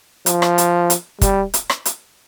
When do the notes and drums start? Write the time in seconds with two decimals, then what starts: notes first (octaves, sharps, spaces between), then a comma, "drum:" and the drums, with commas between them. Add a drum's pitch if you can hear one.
0.26 F3, drum: hi-hat
0.42 drum: rim click
0.58 drum: hi-hat
0.90 drum: hi-hat
1.21 G3, drum: kick, hi-hat
1.54 drum: hi-hat
1.70 drum: rim click
1.85 drum: hi-hat